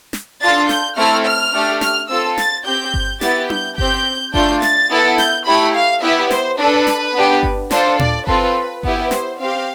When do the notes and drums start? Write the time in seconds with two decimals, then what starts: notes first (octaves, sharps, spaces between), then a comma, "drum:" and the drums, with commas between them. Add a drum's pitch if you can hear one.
0.13 drum: snare
0.41 D4 F4 A4 A6
0.69 G6, drum: snare
0.97 A3 C4 E4 A4 F6
1.25 F6
1.54 A3 D4 G4
1.81 F6, drum: snare
2.09 C4 F4 A4 E6
2.38 A6, drum: snare
2.65 C4 G4 G6
2.94 drum: kick G1
3.21 B3 E4 G4 A6, drum: snare
3.50 G6, drum: tom D4
3.78 C4 G4 G6, drum: kick G1
4.34 A3 D4 F4 G6, drum: kick G1
4.62 A6, drum: snare
4.90 B3 E4 A4
5.18 G6, drum: snare
5.46 A3 E4 G4 B5
5.74 F5
6.02 B3 E4 G4 E5
6.31 C5, drum: snare
6.59 D4 A4 B4
6.87 drum: snare
7.14 B3 D4 G4
7.43 drum: kick G1
7.71 D4 F4 A4 C5, drum: snare
7.99 D5, drum: tom A#2
8.27 C4 F4 A4 B4, drum: kick G1
8.83 B3 E4 G4 B4, drum: kick G1
9.11 C5, drum: snare
9.39 C4 G4 F5